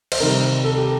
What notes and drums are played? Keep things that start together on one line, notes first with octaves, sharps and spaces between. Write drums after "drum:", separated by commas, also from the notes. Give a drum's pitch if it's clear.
C5, drum: cymbal
C3 D#3 G3 A#4
A4
G4